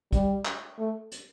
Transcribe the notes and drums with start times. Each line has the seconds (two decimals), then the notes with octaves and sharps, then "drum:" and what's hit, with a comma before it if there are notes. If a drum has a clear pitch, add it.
0.12 G3, drum: kick, hi-hat
0.45 drum: clap
0.79 A3
1.12 drum: hi-hat